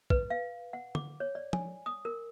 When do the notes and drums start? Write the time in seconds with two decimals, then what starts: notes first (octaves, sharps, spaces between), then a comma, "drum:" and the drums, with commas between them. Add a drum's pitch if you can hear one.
0.10 B4, drum: kick
0.30 F5
0.73 F#5
0.95 D6, drum: tom
1.20 C#5
1.35 D5
1.53 G#5, drum: tom F3
1.86 D#6
2.05 A#4